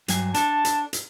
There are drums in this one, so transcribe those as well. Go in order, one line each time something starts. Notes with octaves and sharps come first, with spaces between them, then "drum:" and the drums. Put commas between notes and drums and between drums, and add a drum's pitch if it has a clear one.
G2 F#3 G#5, drum: hi-hat
D4 A4 A5, drum: hi-hat
drum: hi-hat
drum: hi-hat